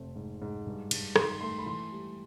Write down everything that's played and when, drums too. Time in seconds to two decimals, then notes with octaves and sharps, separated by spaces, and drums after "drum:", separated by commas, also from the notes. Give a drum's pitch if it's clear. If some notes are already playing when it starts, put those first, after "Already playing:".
Already playing: F1 A3 C4
0.16 G#2
0.42 G#2
0.67 G2
0.91 G2, drum: cymbal
1.16 D#3 C6, drum: rim click
1.41 A3 C6
1.59 B5
1.66 E3 C6
1.92 G3